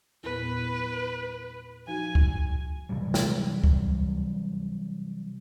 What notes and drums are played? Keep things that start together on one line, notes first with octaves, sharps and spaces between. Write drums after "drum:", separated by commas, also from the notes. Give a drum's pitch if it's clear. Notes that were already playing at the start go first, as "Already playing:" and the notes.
E2 A#2 B3 B4
F3 D#4 F#4 G#5
drum: kick C#2
C3 E3 F#3 G3
drum: snare
drum: kick C#2